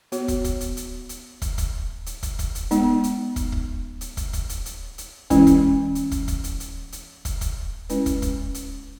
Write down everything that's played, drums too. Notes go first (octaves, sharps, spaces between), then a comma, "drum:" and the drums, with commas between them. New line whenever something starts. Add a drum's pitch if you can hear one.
B3 F#4 C#5, drum: hi-hat
drum: kick, hi-hat
drum: kick, hi-hat
drum: hi-hat
drum: hi-hat
drum: hi-hat
drum: kick, hi-hat
drum: kick, hi-hat
drum: hi-hat
drum: kick, hi-hat
drum: kick, hi-hat
drum: hi-hat
G#3 B3 D#4, drum: hi-hat
drum: hi-hat
drum: kick, hi-hat
drum: kick
drum: hi-hat
drum: kick, hi-hat
drum: kick, hi-hat
drum: hi-hat
drum: hi-hat
drum: hi-hat
E3 G#3 C#4 E4, drum: kick, hi-hat
drum: kick, hi-hat
drum: hi-hat
drum: kick, hi-hat
drum: kick, hi-hat
drum: hi-hat
drum: hi-hat
drum: hi-hat
drum: kick, hi-hat
drum: kick, hi-hat
G#3 C#4 E4 B4, drum: hi-hat
drum: kick, hi-hat
drum: kick, hi-hat
drum: hi-hat